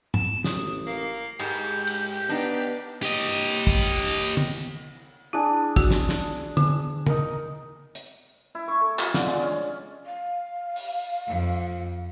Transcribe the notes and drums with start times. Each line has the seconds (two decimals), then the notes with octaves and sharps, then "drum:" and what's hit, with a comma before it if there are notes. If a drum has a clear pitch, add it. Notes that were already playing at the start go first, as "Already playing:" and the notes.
0.14 E7, drum: tom
0.44 A1 D#6, drum: snare
0.87 A#3 C7
1.39 G#2 G#3 G4 G6, drum: cymbal
1.87 drum: cymbal
2.29 B3 D4 D#4
3.03 G4 D#5
3.67 drum: kick
3.82 drum: cymbal
4.37 drum: tom
5.33 D4 E4 G#4
5.76 F#4, drum: kick
5.90 drum: snare
6.09 drum: snare
6.57 D3, drum: tom
7.07 D#4 A#4, drum: tom
7.95 drum: hi-hat
8.55 E4
8.68 C#6
8.81 A4
8.99 F4, drum: clap
9.14 D3, drum: snare
9.27 G#3
9.43 C#4
10.06 F5
10.76 drum: open hi-hat
11.27 F2